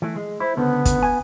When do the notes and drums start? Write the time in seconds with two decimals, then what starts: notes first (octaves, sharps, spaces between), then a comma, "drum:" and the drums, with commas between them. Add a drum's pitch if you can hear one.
0.02 E3 A3
0.16 G#3
0.40 E4 C5
0.57 C#2 D3 B3
0.85 drum: kick, hi-hat
1.03 G#5